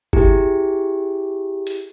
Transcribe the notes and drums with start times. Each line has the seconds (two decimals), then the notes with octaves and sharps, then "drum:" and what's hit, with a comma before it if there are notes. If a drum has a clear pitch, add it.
0.13 E4 G4 G#4, drum: kick
1.67 drum: hi-hat